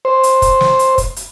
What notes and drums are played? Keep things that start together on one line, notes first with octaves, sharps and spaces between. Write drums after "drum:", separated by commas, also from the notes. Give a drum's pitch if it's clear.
C5
drum: hi-hat
drum: kick, hi-hat
drum: snare
drum: hi-hat
drum: kick, hi-hat
drum: hi-hat